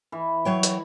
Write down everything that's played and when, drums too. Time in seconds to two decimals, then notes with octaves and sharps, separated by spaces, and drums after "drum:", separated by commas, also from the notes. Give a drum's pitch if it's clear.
0.12 E3
0.45 F#3 C#5 G5
0.63 drum: hi-hat